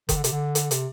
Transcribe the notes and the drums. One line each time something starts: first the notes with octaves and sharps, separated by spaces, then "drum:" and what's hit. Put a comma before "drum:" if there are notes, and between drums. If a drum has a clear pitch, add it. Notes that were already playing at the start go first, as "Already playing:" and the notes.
D#3, drum: kick F#1, hi-hat
D3
C3, drum: hi-hat
D3
drum: hi-hat
C3, drum: hi-hat